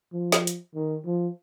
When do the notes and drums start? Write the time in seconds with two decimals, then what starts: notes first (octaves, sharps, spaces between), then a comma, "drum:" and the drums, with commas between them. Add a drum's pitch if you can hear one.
0.13 F3
0.32 drum: snare
0.47 drum: hi-hat
0.74 D#3
1.05 F3